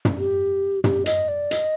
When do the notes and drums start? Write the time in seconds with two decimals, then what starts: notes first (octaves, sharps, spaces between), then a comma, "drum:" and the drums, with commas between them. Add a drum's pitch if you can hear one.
0.05 drum: tom
0.18 G4
0.84 G4, drum: tom
1.06 D#5, drum: hi-hat
1.28 D5
1.51 D#5, drum: hi-hat